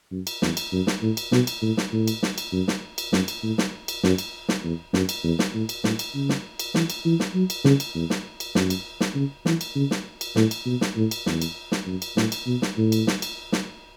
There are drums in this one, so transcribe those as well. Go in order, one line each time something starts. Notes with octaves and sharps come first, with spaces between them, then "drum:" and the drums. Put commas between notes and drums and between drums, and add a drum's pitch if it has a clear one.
F#2
drum: cymbal
E2, drum: snare
drum: cymbal
F#2
drum: snare
A2
drum: cymbal
B2, drum: snare
drum: cymbal
A2
drum: snare
A2
drum: cymbal
drum: snare
drum: cymbal
F#2
drum: snare
drum: cymbal
F#2, drum: snare
drum: cymbal
A2
drum: snare
drum: cymbal
F#2, drum: snare
drum: cymbal
drum: snare
E2
F#2, drum: snare
drum: cymbal
E2
drum: snare
A2
drum: cymbal
A2, drum: snare
drum: cymbal
C#3
drum: snare
drum: cymbal
E3, drum: snare
drum: cymbal
E3
drum: snare
F#3
drum: cymbal
C#3, drum: snare
drum: cymbal
E2
drum: snare
drum: cymbal
F#2, drum: snare
drum: cymbal
drum: snare
C#3
E3, drum: snare
drum: cymbal
C#3
drum: snare
drum: cymbal
A2, drum: snare
drum: cymbal
B2
drum: snare
A2
drum: cymbal
E2, drum: snare
drum: cymbal
drum: snare
F#2
drum: cymbal
A2, drum: snare
drum: cymbal
B2
drum: snare
A2
drum: cymbal
drum: snare
drum: cymbal
drum: snare